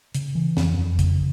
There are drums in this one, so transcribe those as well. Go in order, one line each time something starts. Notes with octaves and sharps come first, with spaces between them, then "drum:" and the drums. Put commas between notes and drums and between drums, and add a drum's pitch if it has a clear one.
C#3, drum: hi-hat
E3
F2, drum: snare
F2
C#3, drum: kick, hi-hat